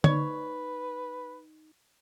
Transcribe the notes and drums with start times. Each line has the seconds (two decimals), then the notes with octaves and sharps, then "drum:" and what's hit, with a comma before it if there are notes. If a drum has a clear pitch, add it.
0.04 D#4 B4 C#5, drum: tom D3